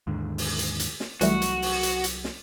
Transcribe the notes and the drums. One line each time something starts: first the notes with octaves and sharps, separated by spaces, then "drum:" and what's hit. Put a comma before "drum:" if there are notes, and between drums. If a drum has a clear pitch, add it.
D#2 G#2 D3
drum: open hi-hat
drum: hi-hat
drum: hi-hat
drum: snare
C2 E3 F#3 G3 A3 F#4, drum: hi-hat
drum: hi-hat
drum: open hi-hat
drum: hi-hat
drum: hi-hat
drum: snare